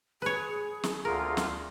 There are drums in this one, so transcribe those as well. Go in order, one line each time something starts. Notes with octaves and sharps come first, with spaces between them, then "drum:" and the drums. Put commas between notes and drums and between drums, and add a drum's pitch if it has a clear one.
G#4 B4 C#5
drum: snare
D2 F4 A#4
drum: snare